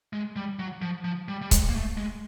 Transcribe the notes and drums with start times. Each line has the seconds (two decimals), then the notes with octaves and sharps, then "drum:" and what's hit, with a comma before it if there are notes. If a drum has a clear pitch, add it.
0.13 G#3
0.36 G3
0.59 F#3
0.82 F3
1.04 F3
1.28 G3
1.42 G3
1.51 G#3, drum: kick C#1, hi-hat
1.69 A#3
1.74 A3
1.97 G#3